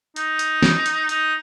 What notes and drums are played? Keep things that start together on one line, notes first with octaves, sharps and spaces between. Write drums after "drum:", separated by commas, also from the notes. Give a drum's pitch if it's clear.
D#4, drum: hi-hat
drum: hi-hat
drum: snare
drum: hi-hat
D#4, drum: hi-hat